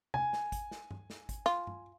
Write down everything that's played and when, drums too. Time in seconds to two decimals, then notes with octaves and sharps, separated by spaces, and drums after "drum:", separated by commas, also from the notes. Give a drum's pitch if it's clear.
0.14 G#5, drum: tom C3
0.33 drum: snare
0.52 drum: kick G#1, hi-hat
0.71 drum: snare
0.91 drum: tom G2
1.10 drum: snare
1.29 drum: kick G#1, hi-hat
1.46 F4, drum: snare
1.67 drum: tom G2